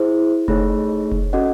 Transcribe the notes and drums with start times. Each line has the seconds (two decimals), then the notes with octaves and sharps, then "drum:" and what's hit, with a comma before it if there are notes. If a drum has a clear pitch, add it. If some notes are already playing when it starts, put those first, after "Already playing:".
Already playing: E4 G#4 C5
0.48 A3 D#4 G#4 C#5, drum: kick F1
1.12 drum: kick F1
1.33 C#4 F#4 A4 D#5 F#5